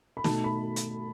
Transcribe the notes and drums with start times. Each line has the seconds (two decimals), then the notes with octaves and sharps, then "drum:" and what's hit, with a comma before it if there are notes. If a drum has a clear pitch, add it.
0.17 B5
0.24 B2 A3 D#4 A5, drum: snare
0.44 B5
0.76 drum: hi-hat